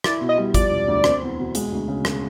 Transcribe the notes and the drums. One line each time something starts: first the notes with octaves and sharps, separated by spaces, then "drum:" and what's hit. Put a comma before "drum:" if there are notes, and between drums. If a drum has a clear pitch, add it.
E4 D5, drum: rim click
B2
D#5
G3
F3 D5, drum: kick, hi-hat
E1
D2
C4, drum: rim click
E2
B2
G#3, drum: hi-hat
D2
C#3
drum: rim click